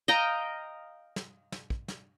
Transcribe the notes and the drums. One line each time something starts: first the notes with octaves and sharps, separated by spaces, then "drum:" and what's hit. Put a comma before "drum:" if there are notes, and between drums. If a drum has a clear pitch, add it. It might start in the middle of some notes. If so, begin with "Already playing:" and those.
D#5 F5 G5 A#5
drum: snare
drum: snare
drum: kick
drum: snare